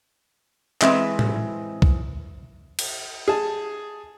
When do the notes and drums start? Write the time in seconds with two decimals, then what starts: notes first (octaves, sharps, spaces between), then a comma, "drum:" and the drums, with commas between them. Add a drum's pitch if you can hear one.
0.82 E3 G#3 C4 B4 E5, drum: clap
1.19 drum: tom A2
1.82 drum: kick
2.79 drum: cymbal
3.28 G#4 A5